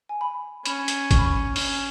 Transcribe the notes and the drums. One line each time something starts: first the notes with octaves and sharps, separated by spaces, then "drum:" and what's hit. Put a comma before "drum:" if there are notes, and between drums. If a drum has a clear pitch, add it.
G#5
B5
C#4 B5, drum: hi-hat
drum: hi-hat
C#6, drum: kick, hi-hat
B5
C#6
C#4, drum: open hi-hat